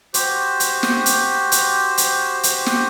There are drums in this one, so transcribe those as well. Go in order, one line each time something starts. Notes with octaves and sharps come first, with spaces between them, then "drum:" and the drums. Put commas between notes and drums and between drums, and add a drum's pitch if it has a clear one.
F#4 G4 C5, drum: hi-hat
drum: hi-hat
drum: snare
drum: hi-hat
drum: hi-hat
drum: hi-hat
drum: hi-hat
drum: snare